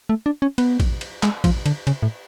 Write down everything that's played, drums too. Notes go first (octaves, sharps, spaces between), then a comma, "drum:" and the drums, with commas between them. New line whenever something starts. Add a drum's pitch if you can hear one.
A3
D4
C#4
B3, drum: cymbal
drum: kick, cymbal
drum: cymbal
G#3, drum: clap
F3, drum: kick, cymbal
D3, drum: cymbal
C#3, drum: cymbal
A2